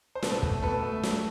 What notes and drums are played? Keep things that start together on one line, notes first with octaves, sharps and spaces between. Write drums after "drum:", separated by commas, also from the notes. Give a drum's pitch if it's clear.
C5
B2 A4 B4, drum: snare
A3, drum: kick
B2 A4 B4
A3
F#3, drum: snare